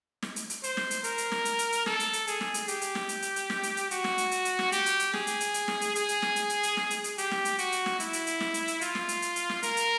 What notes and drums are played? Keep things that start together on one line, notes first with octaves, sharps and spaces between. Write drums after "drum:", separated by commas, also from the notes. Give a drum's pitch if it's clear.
drum: snare
drum: hi-hat
drum: hi-hat
C5, drum: hi-hat
drum: snare
drum: hi-hat
A#4, drum: hi-hat
drum: hi-hat
drum: snare
drum: hi-hat
drum: hi-hat
drum: hi-hat
A4, drum: snare
drum: hi-hat
drum: hi-hat
G#4, drum: hi-hat
drum: snare
drum: hi-hat
G4, drum: hi-hat
drum: hi-hat
drum: snare
drum: hi-hat
drum: hi-hat
drum: hi-hat
drum: snare
drum: hi-hat
drum: hi-hat
F#4, drum: hi-hat
drum: snare
drum: hi-hat
drum: hi-hat
drum: hi-hat
drum: snare
G4, drum: hi-hat
drum: hi-hat
drum: hi-hat
G#4, drum: snare
drum: hi-hat
drum: hi-hat
drum: hi-hat
drum: snare
drum: hi-hat
G#4, drum: hi-hat
drum: hi-hat
drum: snare
drum: hi-hat
drum: hi-hat
drum: hi-hat
drum: snare
drum: hi-hat
drum: hi-hat
G4, drum: hi-hat
drum: snare
drum: hi-hat
F#4, drum: hi-hat
drum: hi-hat
drum: snare
E4, drum: hi-hat
drum: hi-hat
drum: hi-hat
drum: snare
drum: hi-hat
drum: hi-hat
F4, drum: hi-hat
drum: snare
drum: hi-hat
drum: hi-hat
drum: hi-hat
drum: snare
A#4, drum: hi-hat
drum: hi-hat